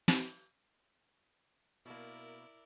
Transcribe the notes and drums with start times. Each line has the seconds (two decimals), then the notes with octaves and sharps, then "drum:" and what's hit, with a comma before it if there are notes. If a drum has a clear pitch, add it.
0.08 drum: snare
1.86 B2 A#3 E4 A#4 D5